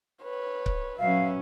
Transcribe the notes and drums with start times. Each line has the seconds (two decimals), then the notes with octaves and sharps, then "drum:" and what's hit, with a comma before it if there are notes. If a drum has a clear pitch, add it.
0.23 B4 C#5
0.66 drum: kick C#1
0.99 F#3 C#4 B4 E5 F5